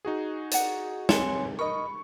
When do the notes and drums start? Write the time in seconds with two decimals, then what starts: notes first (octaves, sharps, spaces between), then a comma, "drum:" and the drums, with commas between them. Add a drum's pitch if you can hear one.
0.05 D#4 F#4 G#4
0.51 D5 F#5, drum: hi-hat
1.09 C4 C#5 G#5, drum: snare
1.59 A#4 D#5 B5 C#6